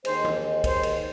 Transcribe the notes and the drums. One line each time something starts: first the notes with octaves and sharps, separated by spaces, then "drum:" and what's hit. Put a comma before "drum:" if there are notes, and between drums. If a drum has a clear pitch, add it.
D#2 D#3 G#3 C5, drum: cymbal
drum: tom
C5, drum: kick, cymbal
drum: cymbal